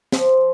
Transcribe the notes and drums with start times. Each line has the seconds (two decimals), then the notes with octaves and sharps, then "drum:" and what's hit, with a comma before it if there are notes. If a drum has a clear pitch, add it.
0.12 F3, drum: snare